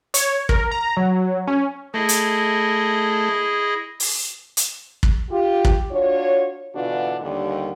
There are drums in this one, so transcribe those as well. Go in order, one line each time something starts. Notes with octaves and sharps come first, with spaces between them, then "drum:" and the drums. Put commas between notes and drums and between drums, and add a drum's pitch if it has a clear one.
C#5, drum: hi-hat
A#4, drum: kick
A#5
F#3
C#4
A3 E4 G#4 D#5
drum: hi-hat
drum: open hi-hat
drum: hi-hat
drum: kick
F4 G4
drum: kick
D4 F4 F#4 C#5
B2 D3 E3 D4 F4 F#4
D#2 D3 G3